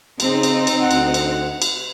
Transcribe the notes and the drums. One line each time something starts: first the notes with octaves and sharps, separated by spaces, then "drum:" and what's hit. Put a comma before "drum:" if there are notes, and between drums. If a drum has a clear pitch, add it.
C#3 C4 D#4, drum: cymbal
drum: cymbal
drum: cymbal
D2 F#5
drum: cymbal
drum: cymbal
drum: cymbal